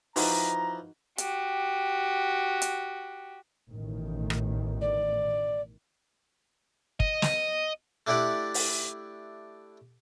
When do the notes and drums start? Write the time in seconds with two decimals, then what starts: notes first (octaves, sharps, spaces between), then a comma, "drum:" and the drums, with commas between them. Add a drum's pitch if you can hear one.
0.16 E3 F3 D#4 F#4 A#5 C6, drum: open hi-hat
1.18 F#4 G4, drum: hi-hat
2.62 drum: hi-hat
3.67 A1 B2 D#3
4.30 drum: rim click
4.81 D5
7.00 D#5, drum: kick
7.22 drum: snare
8.07 A3 D4 E4 G4 D5 F#5
8.54 drum: open hi-hat